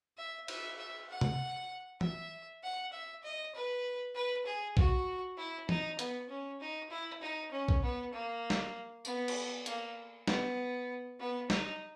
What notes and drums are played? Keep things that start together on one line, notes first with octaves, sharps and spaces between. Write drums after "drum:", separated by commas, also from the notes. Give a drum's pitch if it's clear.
E5
E5, drum: cymbal
E5
F#5
drum: tom C3
E5, drum: tom E3
F#5
E5
D#5
B4
B4
G#4
F#4, drum: kick
E4
D#4, drum: tom E3
B3, drum: hi-hat
C#4
D#4
E4
D#4
C#4
drum: kick
B3
A#3
drum: snare
B3, drum: tambourine
drum: cymbal
A#3, drum: hi-hat
B3, drum: snare
B3
D#4, drum: snare